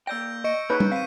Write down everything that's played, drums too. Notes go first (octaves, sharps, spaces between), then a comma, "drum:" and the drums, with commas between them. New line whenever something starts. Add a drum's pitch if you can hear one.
A#3 D5 G5 E6 G6 A#6
D#5 C#6 C#7 D7
A#3 D#4 G#4 B4 C#5 G6
drum: tom
D#3 C4 F5 B6 D#7